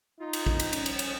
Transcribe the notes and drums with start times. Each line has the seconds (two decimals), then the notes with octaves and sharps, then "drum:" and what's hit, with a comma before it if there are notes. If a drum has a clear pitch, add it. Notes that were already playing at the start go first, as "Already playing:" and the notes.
0.20 D#4 F4
0.33 drum: cymbal
0.46 drum: kick
0.60 drum: cymbal
0.73 D#3 F3 G3 C#4, drum: cymbal
0.86 drum: cymbal
0.99 drum: cymbal